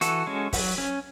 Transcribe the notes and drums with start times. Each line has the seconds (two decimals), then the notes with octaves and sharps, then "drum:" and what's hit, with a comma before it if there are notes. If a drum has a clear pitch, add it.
0.01 E3 F#4 A4, drum: hi-hat
0.27 G#3 C#4
0.53 F#3, drum: kick, open hi-hat
0.78 C#4